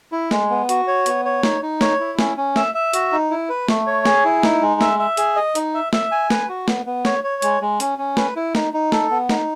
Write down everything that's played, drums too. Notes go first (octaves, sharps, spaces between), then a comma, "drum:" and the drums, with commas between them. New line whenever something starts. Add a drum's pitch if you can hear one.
E4
G#3, drum: snare
B3
F#4, drum: hi-hat
C#5
B3, drum: hi-hat
C#5
D#4, drum: snare
D#4
C#5, drum: snare
E4
C#4, drum: snare
C#4
E5, drum: snare
E5
F#4, drum: hi-hat
D#4
E4
B4
A3, drum: snare
C#5
G#4, drum: snare
E4
D#4, drum: snare
G#3
E5, drum: snare
E5
G#4, drum: hi-hat
D#5
D#4, drum: hi-hat
E5
E5, drum: snare
G#5
B4, drum: snare
F#4
B3, drum: snare
B3
C#5, drum: snare
C#5
G#3, drum: hi-hat
G#3
C#4, drum: hi-hat
C#4
B4, drum: snare
E4
D#4, drum: snare
D#4
A4, drum: snare
B3
D#4, drum: snare